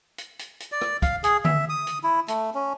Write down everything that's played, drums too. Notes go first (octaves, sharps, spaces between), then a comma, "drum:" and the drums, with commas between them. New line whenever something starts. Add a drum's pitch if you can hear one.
drum: hi-hat
drum: hi-hat
drum: hi-hat
D5
drum: rim click
F5, drum: kick, hi-hat
G#4, drum: hi-hat
E5, drum: tom D3
D#6
drum: hi-hat
E4
A3, drum: hi-hat
C#4